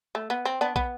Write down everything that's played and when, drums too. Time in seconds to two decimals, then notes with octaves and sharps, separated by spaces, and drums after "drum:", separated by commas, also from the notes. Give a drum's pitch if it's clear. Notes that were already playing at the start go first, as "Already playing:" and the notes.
0.15 A3
0.30 B3
0.45 C4
0.61 B3 D4
0.76 B3, drum: kick